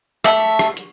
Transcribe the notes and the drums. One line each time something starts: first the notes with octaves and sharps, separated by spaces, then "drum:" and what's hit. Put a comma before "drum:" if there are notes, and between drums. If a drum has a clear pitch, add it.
A3 E5, drum: rim click
drum: rim click
drum: hi-hat